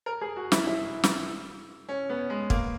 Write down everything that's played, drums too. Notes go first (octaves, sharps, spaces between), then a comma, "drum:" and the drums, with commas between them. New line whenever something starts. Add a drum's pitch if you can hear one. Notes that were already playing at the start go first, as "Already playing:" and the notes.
A#4
G#4
F#4
E4, drum: snare
E4
drum: snare
C#4
B3
G#3
A#3, drum: kick